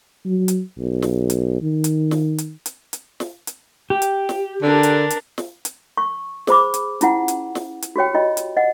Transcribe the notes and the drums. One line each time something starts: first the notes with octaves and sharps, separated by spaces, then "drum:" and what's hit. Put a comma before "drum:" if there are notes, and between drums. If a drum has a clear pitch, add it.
F#3
drum: hi-hat
B1
drum: snare
drum: hi-hat
D#3
drum: hi-hat
drum: snare
drum: hi-hat
drum: hi-hat
drum: hi-hat
drum: snare
drum: hi-hat
G4
drum: hi-hat
drum: snare
D3 D4 A#4
drum: hi-hat
drum: hi-hat
drum: snare
drum: hi-hat
C#6
G#4 C5 B5 D6, drum: snare
drum: hi-hat
C#4 E4 F4 F#5, drum: hi-hat
drum: hi-hat
drum: snare
drum: hi-hat
F#4 G4 C#5 G5
F4 D#5 G5
drum: hi-hat
D#5 F#5